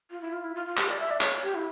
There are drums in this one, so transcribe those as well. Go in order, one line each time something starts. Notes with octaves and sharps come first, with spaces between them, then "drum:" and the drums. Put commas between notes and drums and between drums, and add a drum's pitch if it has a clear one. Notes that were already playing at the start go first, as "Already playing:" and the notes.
F4
E4
F4
E4
F4
F4
G4, drum: clap
D5
E5
D5
C#5, drum: clap
G4
E4